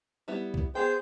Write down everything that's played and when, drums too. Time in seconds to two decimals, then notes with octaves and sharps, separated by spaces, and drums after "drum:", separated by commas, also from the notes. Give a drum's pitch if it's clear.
0.28 G3 B3 E4
0.54 drum: kick C2
0.75 B3 G#4 C5 G5 G6